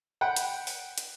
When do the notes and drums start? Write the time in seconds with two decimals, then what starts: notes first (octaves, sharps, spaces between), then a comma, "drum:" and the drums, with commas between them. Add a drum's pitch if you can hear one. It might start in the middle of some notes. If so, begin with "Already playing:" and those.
0.21 F#5 G5 B5
0.36 drum: hi-hat
0.67 drum: open hi-hat
0.98 drum: hi-hat